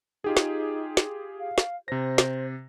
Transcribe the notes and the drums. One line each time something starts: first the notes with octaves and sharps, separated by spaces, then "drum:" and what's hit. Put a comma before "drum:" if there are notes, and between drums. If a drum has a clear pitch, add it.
D#4 F4 G4 G#4
drum: snare
drum: snare
F5
drum: snare
C3 C5 A#6
drum: snare